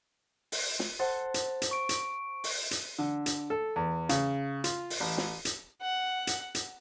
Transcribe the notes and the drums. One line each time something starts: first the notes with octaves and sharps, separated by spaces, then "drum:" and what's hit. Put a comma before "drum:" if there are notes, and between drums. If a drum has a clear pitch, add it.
drum: open hi-hat
drum: snare
A4 C5 F#5
drum: hi-hat
drum: hi-hat
C#6 D7
drum: hi-hat
drum: open hi-hat
drum: hi-hat
D3
drum: hi-hat
A4
E2
C#3, drum: hi-hat
F4, drum: hi-hat
drum: open hi-hat
A1
drum: snare
drum: hi-hat
F#5
drum: hi-hat
drum: hi-hat